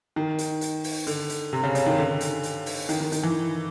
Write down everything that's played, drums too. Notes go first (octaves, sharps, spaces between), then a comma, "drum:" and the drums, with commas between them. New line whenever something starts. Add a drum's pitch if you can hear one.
D#3
drum: hi-hat
drum: hi-hat
drum: open hi-hat
D3, drum: hi-hat
drum: hi-hat
C3
C#3
C#3, drum: hi-hat
D#3
D3
drum: hi-hat
drum: hi-hat
drum: open hi-hat
D#3, drum: hi-hat
D#3
D#3, drum: hi-hat
E3